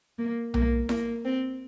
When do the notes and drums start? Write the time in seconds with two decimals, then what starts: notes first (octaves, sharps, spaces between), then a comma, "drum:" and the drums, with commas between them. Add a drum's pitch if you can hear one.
0.18 A#3
0.54 A#3, drum: tom B1
0.89 A#3, drum: snare E4
1.25 C4